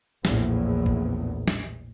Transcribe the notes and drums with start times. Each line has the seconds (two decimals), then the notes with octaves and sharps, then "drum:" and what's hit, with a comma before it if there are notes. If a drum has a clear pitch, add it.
0.25 A#1 E2 A2, drum: snare
0.86 drum: kick
1.48 drum: snare